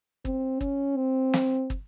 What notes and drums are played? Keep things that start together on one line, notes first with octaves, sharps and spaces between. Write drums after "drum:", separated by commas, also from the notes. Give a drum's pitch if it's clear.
C4, drum: kick
C#4, drum: kick
C4
drum: snare
drum: kick